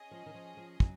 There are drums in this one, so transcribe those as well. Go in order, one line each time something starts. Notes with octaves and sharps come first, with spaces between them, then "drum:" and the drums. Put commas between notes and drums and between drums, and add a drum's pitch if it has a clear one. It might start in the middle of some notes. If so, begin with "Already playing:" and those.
Already playing: C#4 G#4 D#5
F3
D#3
F3
F3
F#3, drum: kick